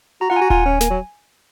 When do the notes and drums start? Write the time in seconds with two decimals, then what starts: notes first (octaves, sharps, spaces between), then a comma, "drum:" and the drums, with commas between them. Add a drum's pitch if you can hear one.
0.21 F#4 A#5
0.30 F4 F#5
0.36 F#4 G#5
0.50 F4 G#5, drum: kick D#1
0.66 C#4
0.81 A#3, drum: snare
0.90 F#3